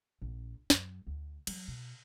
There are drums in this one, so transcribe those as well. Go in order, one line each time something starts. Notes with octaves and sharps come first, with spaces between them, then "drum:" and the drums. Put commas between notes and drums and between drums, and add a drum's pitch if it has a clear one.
A#1
F#2, drum: snare
D2
F#3, drum: cymbal
B2